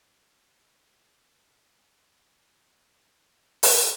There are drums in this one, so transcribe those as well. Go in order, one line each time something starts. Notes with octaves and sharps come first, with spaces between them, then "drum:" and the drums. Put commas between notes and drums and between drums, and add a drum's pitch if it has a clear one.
G3
E2 F#4 B4 E5 F5 A5
F2 G#2 C4 E4 G#5 A5
E3 A#3 B3 C#4
F#3 G#3 A3 D4 G#4 C5
B1 C#3 G3 G#4 G5
A#4 C#6
drum: open hi-hat